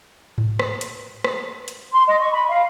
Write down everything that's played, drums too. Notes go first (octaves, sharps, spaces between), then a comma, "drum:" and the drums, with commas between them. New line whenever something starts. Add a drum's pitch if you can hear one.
drum: tom G#2
drum: rim click
drum: hi-hat
drum: rim click
drum: hi-hat
C6
D#5
C#6
B5
F5